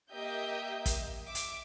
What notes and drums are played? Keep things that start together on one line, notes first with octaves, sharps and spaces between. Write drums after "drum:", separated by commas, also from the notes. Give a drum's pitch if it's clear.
A#3 G4 D#5 E5 G6
drum: kick, hi-hat
E5 D6
drum: hi-hat